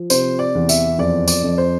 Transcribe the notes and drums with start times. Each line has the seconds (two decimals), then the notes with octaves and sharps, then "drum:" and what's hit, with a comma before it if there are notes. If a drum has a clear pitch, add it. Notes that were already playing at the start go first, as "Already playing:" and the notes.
Already playing: F3
0.10 C3 C5, drum: tambourine
0.39 D5
0.55 E2
0.69 E5, drum: tambourine
0.98 F2 D5
1.28 D5, drum: tambourine
1.43 F2
1.58 C5